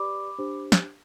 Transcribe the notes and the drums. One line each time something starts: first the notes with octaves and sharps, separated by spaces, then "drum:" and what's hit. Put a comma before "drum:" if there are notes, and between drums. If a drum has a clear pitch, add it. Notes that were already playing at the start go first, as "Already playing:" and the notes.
Already playing: G4 B4 D5 B5 D6
D4 G4 C5
drum: snare